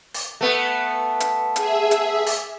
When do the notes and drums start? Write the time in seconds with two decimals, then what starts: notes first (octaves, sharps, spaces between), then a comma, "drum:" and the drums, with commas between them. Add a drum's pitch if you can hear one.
0.14 drum: open hi-hat
0.41 A3 B3
1.20 drum: hi-hat
1.56 G#4 E5, drum: hi-hat
1.91 drum: hi-hat
2.26 drum: open hi-hat